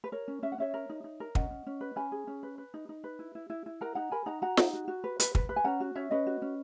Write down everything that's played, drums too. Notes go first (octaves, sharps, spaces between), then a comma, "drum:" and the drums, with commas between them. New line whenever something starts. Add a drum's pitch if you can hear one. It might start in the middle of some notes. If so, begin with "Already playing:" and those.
B4
A#4 C#5
C#4
C#4 E5
F#5
C#4 C#5 E5
A#4
D#4
D#4
A#4
C#4 D#5 F#5, drum: kick
C#4
C#4
B4
C#4 G#5 B5
G#4
C#4
B4
B4
D#4
D#4
B4
E4
E4
E4
E4
A#4 F#5 A#5
D#4 F#5 A#5
A#4 G#5 B5
D#4 F#5 A#5
F#4 F#5 A#5
D#4, drum: snare
F#4
F#4
B4
B4, drum: hi-hat
B4, drum: kick
B4
G#5
C#4 F#5 A#5
F#4
C#4 C#5 E5
C#4 B4 D#5
F#4
C#4